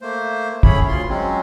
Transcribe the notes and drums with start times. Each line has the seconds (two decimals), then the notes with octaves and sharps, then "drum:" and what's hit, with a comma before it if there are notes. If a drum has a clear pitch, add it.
0.02 A3 A#3 C5
0.63 A2 C#4 E4 G#4 C#5 B5, drum: kick
0.88 D2 F4 C6
1.09 F#3 G#3 C4 C#4